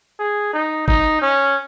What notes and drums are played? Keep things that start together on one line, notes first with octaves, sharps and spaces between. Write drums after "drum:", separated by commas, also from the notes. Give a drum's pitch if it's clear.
G#4
D#4
D#4, drum: kick
C#4